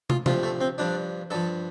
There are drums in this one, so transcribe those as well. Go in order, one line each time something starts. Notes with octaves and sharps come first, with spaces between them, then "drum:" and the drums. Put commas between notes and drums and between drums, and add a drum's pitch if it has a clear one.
F4, drum: tom
D2 C3 F3 F4, drum: tom
A3
C4
G2 F3 D4
G2 F3 A4